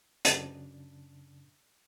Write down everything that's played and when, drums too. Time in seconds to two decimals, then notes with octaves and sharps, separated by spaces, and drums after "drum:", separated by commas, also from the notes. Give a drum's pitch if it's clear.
0.25 F#2 C#3 D4, drum: hi-hat